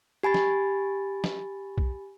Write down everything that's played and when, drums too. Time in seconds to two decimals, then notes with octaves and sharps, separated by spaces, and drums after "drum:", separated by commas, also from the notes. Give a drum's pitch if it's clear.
0.23 G4 G#5 B5 A6
0.34 drum: snare
1.24 drum: snare
1.78 drum: kick B1